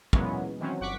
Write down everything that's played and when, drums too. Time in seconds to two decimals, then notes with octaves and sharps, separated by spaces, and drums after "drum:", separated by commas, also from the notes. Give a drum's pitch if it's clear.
0.13 A#2 E3 F#3 G#3 B3 C#4, drum: kick
0.59 D#3 E3 F#3 C4 C#4
0.80 G1 F#5 C#6 D6 B6